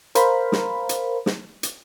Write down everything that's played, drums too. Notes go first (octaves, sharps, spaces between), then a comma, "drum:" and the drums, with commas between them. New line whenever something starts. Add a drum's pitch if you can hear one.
A#4 C5 F5 B5, drum: hi-hat
drum: snare
drum: hi-hat
drum: snare
drum: hi-hat